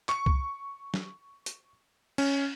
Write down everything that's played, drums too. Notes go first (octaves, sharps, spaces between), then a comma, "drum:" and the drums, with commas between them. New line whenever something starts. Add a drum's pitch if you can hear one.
C#6, drum: clap
drum: kick C2
drum: snare
drum: hi-hat
C#4, drum: cymbal